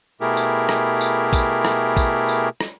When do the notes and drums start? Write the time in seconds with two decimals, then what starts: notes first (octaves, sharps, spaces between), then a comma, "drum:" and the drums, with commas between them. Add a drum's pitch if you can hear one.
0.21 B2 A3 E4 G4 G#4 A#4
0.37 drum: tambourine
0.69 drum: rim click
1.01 drum: tambourine
1.33 drum: kick A#1, tambourine
1.65 drum: rim click
1.97 drum: kick A#1, tambourine
2.29 drum: tambourine
2.61 drum: rim click